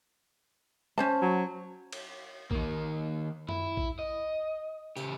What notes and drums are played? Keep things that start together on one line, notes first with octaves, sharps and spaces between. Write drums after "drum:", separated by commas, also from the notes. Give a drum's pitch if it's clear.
C#4 C5 A5
F#3
drum: cymbal
D#3 A#3, drum: kick A#1
E4, drum: tom F#2
drum: kick A#1
D#5
C#3 G4, drum: tambourine